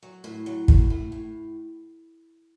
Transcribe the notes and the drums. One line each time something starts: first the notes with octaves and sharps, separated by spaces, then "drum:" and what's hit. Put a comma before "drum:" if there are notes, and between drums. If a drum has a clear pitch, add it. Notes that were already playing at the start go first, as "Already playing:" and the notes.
F#3
A2
F#3
A2, drum: kick
A2
A2